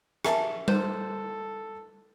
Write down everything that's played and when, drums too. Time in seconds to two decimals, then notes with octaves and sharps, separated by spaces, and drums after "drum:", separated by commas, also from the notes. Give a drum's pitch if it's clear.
0.25 G#4 A#4 E5 A5, drum: rim click
0.68 A4 C5, drum: tom G3